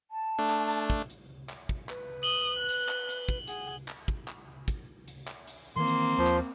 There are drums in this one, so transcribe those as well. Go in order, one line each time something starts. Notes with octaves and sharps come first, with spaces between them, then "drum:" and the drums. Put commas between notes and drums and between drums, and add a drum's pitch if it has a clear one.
A5
A3 D4
drum: clap
drum: hi-hat
drum: kick
drum: hi-hat
drum: clap
drum: kick
B4, drum: clap
D#6 F#7 G7
F#6
drum: hi-hat
drum: clap
drum: hi-hat
drum: kick
G#4 F#5, drum: hi-hat
drum: clap
drum: kick
drum: clap
drum: kick, hi-hat
drum: hi-hat
drum: clap
drum: hi-hat
D#3 E3 A#3 C4 C6
drum: hi-hat
D#2 F3
drum: clap